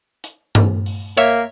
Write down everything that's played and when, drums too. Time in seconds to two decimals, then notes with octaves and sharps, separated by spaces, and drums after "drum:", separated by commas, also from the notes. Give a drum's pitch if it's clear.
0.24 drum: hi-hat
0.55 drum: tom G2
0.86 drum: open hi-hat
1.17 A#3 C#5 E5, drum: hi-hat